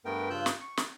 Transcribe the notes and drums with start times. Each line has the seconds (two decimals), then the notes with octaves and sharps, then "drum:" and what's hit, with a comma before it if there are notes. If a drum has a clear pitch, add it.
0.05 G2 A3 B3 A#4 G5
0.30 G2 C#3 F4 E6 F#6 G6
0.46 drum: snare
0.61 C#6
0.77 drum: snare